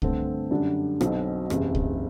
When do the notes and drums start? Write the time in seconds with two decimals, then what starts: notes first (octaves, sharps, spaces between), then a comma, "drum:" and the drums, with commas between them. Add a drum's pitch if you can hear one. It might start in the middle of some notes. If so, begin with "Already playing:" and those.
0.02 G2 D3 A3 C4, drum: kick C2
0.51 F#2 D3 G3 D4
1.01 B1 B2 F#3 C4, drum: rim click
1.50 F#1 E2 C3, drum: rim click
1.75 drum: kick C2